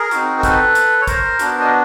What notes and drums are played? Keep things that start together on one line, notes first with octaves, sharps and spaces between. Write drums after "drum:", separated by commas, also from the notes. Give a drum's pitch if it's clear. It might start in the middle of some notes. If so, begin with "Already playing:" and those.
Already playing: G#4 A#4
C4 D#4 F#4, drum: hi-hat
A#4
A4 B4, drum: kick, hi-hat
drum: hi-hat
C#5
A#4 C5, drum: kick, hi-hat
B3 D4 F#4, drum: hi-hat
D#5